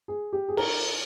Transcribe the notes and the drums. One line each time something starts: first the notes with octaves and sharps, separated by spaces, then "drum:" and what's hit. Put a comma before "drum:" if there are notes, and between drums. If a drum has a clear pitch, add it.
G#4
G4
G#4
A#4, drum: cymbal